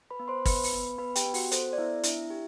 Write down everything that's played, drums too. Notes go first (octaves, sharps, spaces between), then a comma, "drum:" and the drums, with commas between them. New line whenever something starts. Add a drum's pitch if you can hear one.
B4 B5
B3
C5 C6
B3 B4 B5, drum: kick, open hi-hat
drum: open hi-hat
B3
B3 B4 B5
G4 G5, drum: hi-hat
B3
F#4 F#5, drum: open hi-hat
A4 C5, drum: hi-hat
D5
B3 E4 E5
D4 E4 E5, drum: hi-hat
G4